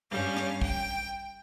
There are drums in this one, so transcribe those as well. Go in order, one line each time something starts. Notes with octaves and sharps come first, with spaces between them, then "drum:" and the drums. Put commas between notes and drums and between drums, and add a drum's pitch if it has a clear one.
G2 G3 C#4 F5
drum: rim click
G5, drum: kick